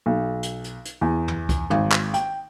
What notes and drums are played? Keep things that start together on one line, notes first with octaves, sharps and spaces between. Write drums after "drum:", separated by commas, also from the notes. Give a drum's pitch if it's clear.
B1
drum: hi-hat
drum: hi-hat
drum: hi-hat
E2
drum: tom
drum: kick C#2, hi-hat
G#1, drum: tom
drum: clap
G5, drum: hi-hat